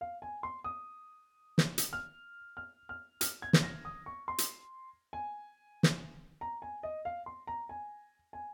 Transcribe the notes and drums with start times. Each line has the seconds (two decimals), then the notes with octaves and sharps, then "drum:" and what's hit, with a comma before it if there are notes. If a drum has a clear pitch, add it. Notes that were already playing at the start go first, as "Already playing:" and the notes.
0.01 F5
0.22 G#5
0.43 C6
0.64 D#6
1.58 drum: snare
1.78 drum: hi-hat
1.93 F6
2.57 F6
2.89 F6
3.21 F6, drum: hi-hat
3.42 G#6
3.53 drum: snare
3.63 A#6
3.85 D#6
4.06 C#6
4.28 C6
4.38 drum: hi-hat
5.13 G#5
5.83 drum: snare
6.41 A#5
6.62 G#5
6.83 D#5
7.05 F5
7.26 C6
7.47 A#5
7.69 G#5
8.33 G#5